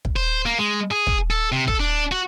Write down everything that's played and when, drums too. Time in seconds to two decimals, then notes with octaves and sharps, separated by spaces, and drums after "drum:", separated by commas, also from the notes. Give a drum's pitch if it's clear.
0.05 drum: kick
0.16 C5
0.46 A#3
0.59 G#3
0.91 G#4
1.07 drum: kick
1.31 A4
1.52 C3
1.68 A4, drum: kick
1.80 D4
2.12 F#4